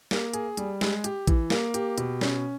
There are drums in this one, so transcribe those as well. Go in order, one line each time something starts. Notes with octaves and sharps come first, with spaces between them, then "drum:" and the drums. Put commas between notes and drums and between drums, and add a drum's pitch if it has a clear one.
A#3, drum: snare
G#4, drum: hi-hat
G3, drum: hi-hat
G#3, drum: snare
G4, drum: hi-hat
E3, drum: kick, hi-hat
A#3, drum: snare
G4, drum: hi-hat
B2, drum: hi-hat
C#4, drum: snare